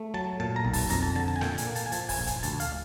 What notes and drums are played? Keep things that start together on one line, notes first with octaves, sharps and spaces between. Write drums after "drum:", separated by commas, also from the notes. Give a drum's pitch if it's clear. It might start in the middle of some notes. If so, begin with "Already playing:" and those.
Already playing: A3
F#3 A5
A#2 A5
A#5
B1
A5, drum: kick, open hi-hat
F2 A#5, drum: kick, hi-hat
A5
D3 A5
A5
G#5
A#2 G5, drum: snare
G#5, drum: hi-hat
A#3
A5, drum: hi-hat
G#5
F3 A5, drum: hi-hat
G#5, drum: kick, open hi-hat
A#1
G#5, drum: kick, hi-hat
D2 A5, drum: hi-hat
F5, drum: hi-hat